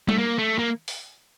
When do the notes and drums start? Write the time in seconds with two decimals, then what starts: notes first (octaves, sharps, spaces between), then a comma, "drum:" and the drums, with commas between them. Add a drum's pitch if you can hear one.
0.09 A3, drum: tom G3
0.18 A#3
0.39 A3
0.59 A#3
0.88 drum: open hi-hat